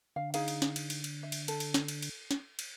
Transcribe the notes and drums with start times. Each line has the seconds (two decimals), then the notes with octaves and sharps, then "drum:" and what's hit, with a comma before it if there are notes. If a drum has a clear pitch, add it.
0.16 D3 F5
0.34 D#4 G#4 F5, drum: cymbal
0.48 drum: cymbal
0.62 drum: snare
0.76 drum: cymbal
0.90 drum: cymbal
1.04 drum: cymbal
1.23 E5
1.32 drum: cymbal
1.48 A4, drum: cymbal
1.60 drum: cymbal
1.74 drum: snare
1.88 drum: cymbal
2.02 drum: cymbal
2.31 drum: snare
2.59 drum: cymbal